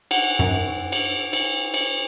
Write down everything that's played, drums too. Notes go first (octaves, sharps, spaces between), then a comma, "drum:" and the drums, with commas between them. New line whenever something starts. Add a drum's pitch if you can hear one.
F#5, drum: cymbal
F#2
drum: cymbal
drum: cymbal
drum: cymbal